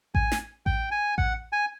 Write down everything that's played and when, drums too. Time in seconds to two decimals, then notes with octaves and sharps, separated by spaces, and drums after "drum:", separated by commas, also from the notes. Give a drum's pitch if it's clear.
0.15 G#5, drum: kick A1
0.32 drum: snare
0.66 G5, drum: kick A1
0.91 G#5
1.18 F#5, drum: kick A1
1.53 G#5